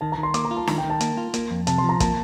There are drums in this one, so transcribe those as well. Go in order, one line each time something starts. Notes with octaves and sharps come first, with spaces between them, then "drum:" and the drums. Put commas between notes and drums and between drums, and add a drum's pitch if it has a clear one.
D#3 A5
A#5
D#3
C6
A#3 D6, drum: hi-hat
A#5
F4
A5
D#3 A#5, drum: snare D4
G5
D#3
A5
A#3, drum: hi-hat
F4
A#3, drum: hi-hat
F2
C3 A5, drum: hi-hat
C6
F3
A#5
A#3 A5, drum: kick, hi-hat